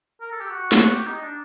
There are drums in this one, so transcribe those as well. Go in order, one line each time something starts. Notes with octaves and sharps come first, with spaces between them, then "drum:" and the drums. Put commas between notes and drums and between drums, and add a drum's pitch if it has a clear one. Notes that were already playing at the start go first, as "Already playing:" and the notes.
A#4
A4
G4
F#4
F#4, drum: snare
G4
D#4
D4